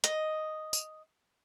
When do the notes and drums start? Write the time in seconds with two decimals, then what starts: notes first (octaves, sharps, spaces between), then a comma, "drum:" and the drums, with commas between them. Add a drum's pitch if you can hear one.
0.04 D#5, drum: hi-hat
0.73 drum: tambourine